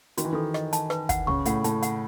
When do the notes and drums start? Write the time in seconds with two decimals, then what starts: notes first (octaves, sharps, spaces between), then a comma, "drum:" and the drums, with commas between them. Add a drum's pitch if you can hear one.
0.18 D#3 F#4, drum: hi-hat
0.25 E3
0.33 D#3 A4
0.54 D#5, drum: rim click
0.73 A5, drum: hi-hat
0.90 B4, drum: rim click
1.09 F#5, drum: kick, hi-hat
1.27 C#3 C#6, drum: tom C2
1.45 A2 F#5, drum: hi-hat
1.64 A2 A5, drum: hi-hat
1.83 F#5, drum: hi-hat